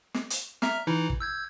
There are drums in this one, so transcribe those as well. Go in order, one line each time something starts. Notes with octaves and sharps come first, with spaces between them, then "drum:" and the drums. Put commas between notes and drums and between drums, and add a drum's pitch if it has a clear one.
drum: snare
drum: hi-hat
E5 A#5 F6, drum: snare
E3 D#4 E4
drum: kick
E6 G6 G#6